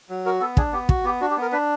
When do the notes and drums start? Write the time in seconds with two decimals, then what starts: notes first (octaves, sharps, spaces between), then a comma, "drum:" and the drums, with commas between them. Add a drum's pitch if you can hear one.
0.09 F#3
0.26 F#4 A#4
0.41 B3 A4
0.57 D4 G#4, drum: kick
0.73 B3 G4
0.89 F#4, drum: kick
1.04 B3 G4
1.21 D4 F#4
1.31 G4
1.37 B3 A#4
1.52 D4 B4